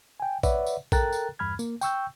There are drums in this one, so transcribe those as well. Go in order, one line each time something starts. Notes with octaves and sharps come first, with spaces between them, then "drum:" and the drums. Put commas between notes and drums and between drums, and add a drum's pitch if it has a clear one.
G5 G#5
B4 C#5 D5 E5 F#5, drum: kick A#1, tambourine
drum: tambourine
A4 A#4 G5 A#5 F#6 A6, drum: kick A#1, tambourine
drum: tambourine
E2 G2 B5 F6 G#6
A#3, drum: tambourine
G5 C#6 E6 G6, drum: tambourine